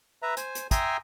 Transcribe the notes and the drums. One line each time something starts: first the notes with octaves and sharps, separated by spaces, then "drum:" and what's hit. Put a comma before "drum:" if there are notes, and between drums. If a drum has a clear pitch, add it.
B4 E5 A#5
C5 G#5, drum: hi-hat
drum: hi-hat
E5 G5 G#5 A#5 C6 D#6, drum: kick, hi-hat